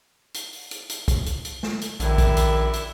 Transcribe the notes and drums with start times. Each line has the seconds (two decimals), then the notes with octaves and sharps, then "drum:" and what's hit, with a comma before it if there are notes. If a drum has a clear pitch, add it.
0.34 drum: hi-hat
0.53 drum: open hi-hat
0.71 drum: hi-hat
0.89 drum: hi-hat
1.08 drum: kick, hi-hat
1.26 drum: hi-hat
1.45 drum: hi-hat
1.63 drum: snare
1.81 drum: hi-hat
2.00 A#1 F#2 D3 D#3 E4, drum: hi-hat
2.18 drum: kick, hi-hat
2.37 drum: hi-hat
2.73 drum: hi-hat